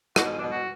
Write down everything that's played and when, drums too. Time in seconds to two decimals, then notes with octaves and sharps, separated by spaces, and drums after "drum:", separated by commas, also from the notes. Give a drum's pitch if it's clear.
0.16 B2 F#4, drum: rim click
0.39 B2 D4
0.51 F#4